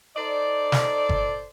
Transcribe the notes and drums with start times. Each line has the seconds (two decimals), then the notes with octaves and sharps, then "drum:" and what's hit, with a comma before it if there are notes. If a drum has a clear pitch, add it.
0.16 D#4 A4 C5 D5
0.72 drum: snare
1.09 drum: kick G1